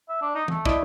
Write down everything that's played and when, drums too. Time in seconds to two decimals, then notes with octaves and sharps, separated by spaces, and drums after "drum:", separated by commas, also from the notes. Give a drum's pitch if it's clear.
0.09 E5
0.22 D4
0.35 D#4
0.48 A3, drum: tom E3
0.65 E4 D5 D#5, drum: kick